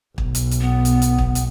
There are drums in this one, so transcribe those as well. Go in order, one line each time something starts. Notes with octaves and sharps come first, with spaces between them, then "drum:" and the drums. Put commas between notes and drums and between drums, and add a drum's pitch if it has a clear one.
B1, drum: kick
drum: hi-hat
drum: hi-hat
B3
drum: hi-hat
drum: hi-hat
drum: kick
drum: hi-hat